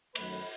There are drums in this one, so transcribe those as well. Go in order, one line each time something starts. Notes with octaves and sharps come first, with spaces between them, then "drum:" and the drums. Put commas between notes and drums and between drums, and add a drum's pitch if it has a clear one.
F#2 D#3 F#3 A3 B4, drum: cymbal